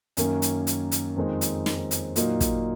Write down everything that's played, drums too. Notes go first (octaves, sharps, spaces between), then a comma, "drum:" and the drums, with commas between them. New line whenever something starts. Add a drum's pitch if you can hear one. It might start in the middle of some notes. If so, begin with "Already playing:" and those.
F#2 D#3 A#3 C#4, drum: hi-hat
drum: hi-hat
drum: hi-hat
drum: hi-hat
F2 D#3 G#3 C4 D#4
drum: hi-hat
drum: snare
drum: hi-hat
A#2 F#3 A#3 D#4, drum: hi-hat
drum: kick, hi-hat